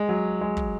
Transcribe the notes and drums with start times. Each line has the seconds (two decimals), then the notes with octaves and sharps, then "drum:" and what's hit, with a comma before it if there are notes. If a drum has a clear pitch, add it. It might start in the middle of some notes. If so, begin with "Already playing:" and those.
Already playing: G#3
0.09 F#3
0.41 G#3
0.57 drum: kick